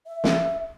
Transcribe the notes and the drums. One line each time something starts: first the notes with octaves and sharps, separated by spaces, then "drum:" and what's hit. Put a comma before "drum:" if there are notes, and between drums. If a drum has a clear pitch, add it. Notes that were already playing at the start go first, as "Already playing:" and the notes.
E5
drum: snare